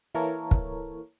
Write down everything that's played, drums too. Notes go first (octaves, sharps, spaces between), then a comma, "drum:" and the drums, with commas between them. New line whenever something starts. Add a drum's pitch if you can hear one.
E3 A#3 A4 A#4 C#5
drum: kick